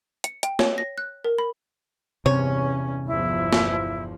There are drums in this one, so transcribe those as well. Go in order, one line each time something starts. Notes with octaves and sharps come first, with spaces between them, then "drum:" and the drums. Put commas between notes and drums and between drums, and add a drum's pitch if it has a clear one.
C#7, drum: hi-hat
G5, drum: hi-hat
C#5, drum: snare
A#6
F#6
A#4
B5
E2 G2 C3 C#4 C#5
G1 E2 F3 E4
drum: snare